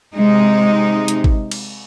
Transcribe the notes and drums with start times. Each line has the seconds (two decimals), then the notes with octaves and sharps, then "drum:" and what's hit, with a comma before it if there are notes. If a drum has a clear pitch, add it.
0.14 C3 G#3 D#4
1.08 drum: hi-hat
1.24 drum: kick
1.51 drum: cymbal